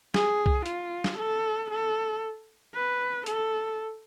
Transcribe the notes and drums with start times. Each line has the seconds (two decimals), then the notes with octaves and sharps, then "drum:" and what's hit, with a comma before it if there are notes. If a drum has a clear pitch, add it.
0.14 G#4, drum: snare
0.46 drum: kick C2
0.66 F4, drum: hi-hat
1.04 drum: snare
1.18 A4
1.70 A4
2.74 B4
3.26 A4, drum: hi-hat